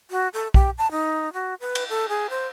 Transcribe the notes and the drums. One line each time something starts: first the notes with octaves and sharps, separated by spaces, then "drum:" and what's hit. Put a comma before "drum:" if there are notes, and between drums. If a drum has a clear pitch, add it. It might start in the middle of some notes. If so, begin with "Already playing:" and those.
F#4
A4
G4, drum: kick B1
A5
D#4
F#4
B4
drum: cymbal
A4
G#4
C5